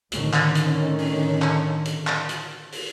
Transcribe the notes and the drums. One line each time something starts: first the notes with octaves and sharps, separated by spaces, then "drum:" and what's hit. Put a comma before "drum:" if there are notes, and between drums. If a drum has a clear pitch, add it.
A2 D3 D#3 C#4, drum: hi-hat
drum: clap
drum: hi-hat
drum: open hi-hat
drum: clap
drum: hi-hat
drum: clap
drum: hi-hat
drum: open hi-hat